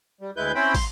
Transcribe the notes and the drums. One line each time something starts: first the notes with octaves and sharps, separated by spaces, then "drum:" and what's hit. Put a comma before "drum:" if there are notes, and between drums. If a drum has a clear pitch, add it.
G3
D2 G#3 E4 B4 G6
C4 C#4 E4 C5 G5 B5
C6, drum: kick, open hi-hat